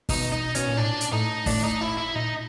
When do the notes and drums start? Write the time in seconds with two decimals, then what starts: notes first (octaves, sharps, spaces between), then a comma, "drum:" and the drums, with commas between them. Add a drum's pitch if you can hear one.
0.09 B2 D#4, drum: kick, open hi-hat
0.32 D#4
0.55 B2 C#4, drum: hi-hat
0.67 A#2
0.77 A2 D4
1.01 drum: hi-hat
1.12 A2 D#4
1.46 A2 D4, drum: kick, open hi-hat
1.63 D#4
1.81 E4
1.97 E4
2.15 A#2 D#4